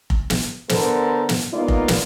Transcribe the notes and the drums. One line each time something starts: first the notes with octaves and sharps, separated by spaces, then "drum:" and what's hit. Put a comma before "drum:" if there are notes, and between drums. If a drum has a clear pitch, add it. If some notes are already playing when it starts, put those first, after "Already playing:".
drum: kick F1
drum: snare
D3 B3 A4 A#4 C5, drum: snare
drum: snare
G#3 A#3 B3 D#4 F4 D5
drum: kick F1
drum: snare